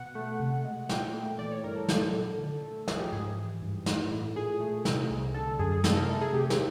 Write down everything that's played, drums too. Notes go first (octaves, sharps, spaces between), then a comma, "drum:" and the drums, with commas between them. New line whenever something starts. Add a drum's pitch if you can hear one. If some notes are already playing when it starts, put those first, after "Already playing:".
Already playing: B2 F#5
A3
C3
G#3
A#2 G5, drum: snare
A3
E3 D5
C#5
G2 A#4
A4
F#3, drum: snare
A#2
D3
A3
F3 G#4, drum: snare
G4
G#2 G#4
E3
G2
E3, drum: snare
A2
A#2 G#4
A3
C3, drum: snare
C2
D3 A4
A4
F#2 G#4
G#4
C3 A4, drum: snare
A#4
A3 A4
G#4
C3 G4
drum: snare